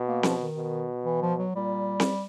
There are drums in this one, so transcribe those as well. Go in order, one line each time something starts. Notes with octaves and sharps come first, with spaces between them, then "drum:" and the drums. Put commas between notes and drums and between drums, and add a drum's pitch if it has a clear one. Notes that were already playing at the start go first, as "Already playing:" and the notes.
Already playing: B2
A#3
F3, drum: snare C4
D#3
B2
E3
F3
F#3
A#2 G3
drum: snare C4